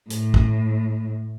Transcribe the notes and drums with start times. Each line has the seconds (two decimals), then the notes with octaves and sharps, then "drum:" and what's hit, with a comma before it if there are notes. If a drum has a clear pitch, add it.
0.10 A2, drum: hi-hat
0.34 drum: kick